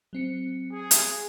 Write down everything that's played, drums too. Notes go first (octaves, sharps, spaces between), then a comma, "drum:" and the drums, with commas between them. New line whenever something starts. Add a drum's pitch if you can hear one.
F#3 C4 C#7
G#4
drum: hi-hat